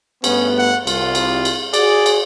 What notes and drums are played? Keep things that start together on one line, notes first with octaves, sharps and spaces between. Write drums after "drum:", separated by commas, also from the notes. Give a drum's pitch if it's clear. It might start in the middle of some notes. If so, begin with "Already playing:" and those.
G2 A3 B3 C#4, drum: cymbal
F#5
C2 F4, drum: cymbal
drum: cymbal
drum: cymbal
F#4 G#4 D5, drum: cymbal
drum: cymbal